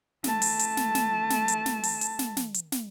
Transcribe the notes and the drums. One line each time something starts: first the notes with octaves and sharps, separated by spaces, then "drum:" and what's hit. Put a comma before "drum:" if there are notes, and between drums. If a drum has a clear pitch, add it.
A3 A5, drum: snare
drum: open hi-hat
drum: hi-hat
drum: snare
drum: snare
drum: snare
drum: hi-hat
drum: snare
drum: open hi-hat
drum: hi-hat
drum: snare
drum: snare
drum: hi-hat
drum: snare